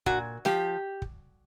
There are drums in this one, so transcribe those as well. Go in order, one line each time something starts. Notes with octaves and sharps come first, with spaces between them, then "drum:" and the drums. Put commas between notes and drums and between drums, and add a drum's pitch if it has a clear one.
A#2 F#4, drum: kick
F3 G4, drum: snare
drum: kick